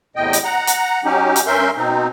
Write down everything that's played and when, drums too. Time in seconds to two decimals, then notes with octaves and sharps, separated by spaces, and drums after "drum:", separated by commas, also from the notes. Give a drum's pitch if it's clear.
0.16 E2 A2 C3 D#5 G5
0.33 drum: hi-hat
0.44 F#5 A#5
0.67 drum: hi-hat
1.05 F#3 C#4 D#4 G4
1.36 drum: hi-hat
1.47 G2 C#4 A#4 E5 C6 G6
1.76 B2 C4 D#4